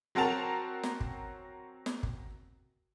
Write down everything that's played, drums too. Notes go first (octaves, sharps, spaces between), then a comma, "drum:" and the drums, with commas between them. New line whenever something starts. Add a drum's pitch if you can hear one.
F#3 C4 F#4 A#4 A5 F7
drum: snare
drum: kick
drum: snare
drum: kick